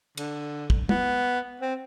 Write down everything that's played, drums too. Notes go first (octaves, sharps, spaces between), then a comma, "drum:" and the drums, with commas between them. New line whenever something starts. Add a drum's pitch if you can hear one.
D3, drum: cymbal
drum: kick
B3, drum: tom
C4